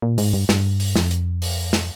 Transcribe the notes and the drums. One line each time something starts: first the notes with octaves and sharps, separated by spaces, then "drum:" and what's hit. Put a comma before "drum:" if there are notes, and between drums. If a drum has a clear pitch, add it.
A#2
G#2, drum: open hi-hat
G2
G2, drum: snare
drum: open hi-hat
F2, drum: snare
drum: hi-hat
drum: open hi-hat
drum: snare